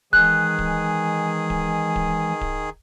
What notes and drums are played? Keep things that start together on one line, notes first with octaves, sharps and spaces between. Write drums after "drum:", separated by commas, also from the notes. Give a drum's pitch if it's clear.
D#3 E3 G#3 G#4 G#5 F#6, drum: kick D1
drum: kick D1
drum: kick D1
drum: kick D1
drum: kick D1